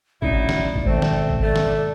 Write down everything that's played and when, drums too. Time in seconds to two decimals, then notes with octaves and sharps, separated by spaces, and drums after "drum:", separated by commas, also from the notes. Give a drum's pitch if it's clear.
0.22 D1 A2 C#3 F#3 D#4 E4 D5, drum: kick G#1
0.49 drum: snare
0.76 drum: kick G#1
0.85 G#2 B2 D#3 A3 C4
1.02 drum: snare
1.29 drum: kick G#1
1.43 A3 D5
1.56 drum: snare